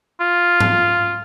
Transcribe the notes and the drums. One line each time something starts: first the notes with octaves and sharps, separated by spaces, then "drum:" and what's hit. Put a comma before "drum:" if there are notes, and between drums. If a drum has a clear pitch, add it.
F4
drum: tom G#2